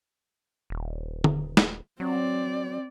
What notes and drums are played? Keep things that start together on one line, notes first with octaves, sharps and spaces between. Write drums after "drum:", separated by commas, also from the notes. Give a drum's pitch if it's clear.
D#1
drum: tom D3
drum: snare
F#3 C4 D5